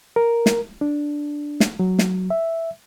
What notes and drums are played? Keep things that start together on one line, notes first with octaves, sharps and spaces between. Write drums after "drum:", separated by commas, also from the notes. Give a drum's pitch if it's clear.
A#4
drum: snare
D4
drum: snare
F#3
drum: snare
E5